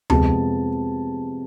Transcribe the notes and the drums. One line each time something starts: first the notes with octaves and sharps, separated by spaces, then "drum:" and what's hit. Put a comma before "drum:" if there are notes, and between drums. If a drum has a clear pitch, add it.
F2 C3 G#3 B3 A5, drum: tom D2